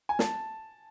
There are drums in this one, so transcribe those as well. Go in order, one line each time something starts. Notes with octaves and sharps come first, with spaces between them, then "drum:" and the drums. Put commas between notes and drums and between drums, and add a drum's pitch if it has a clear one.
G#5
A5, drum: snare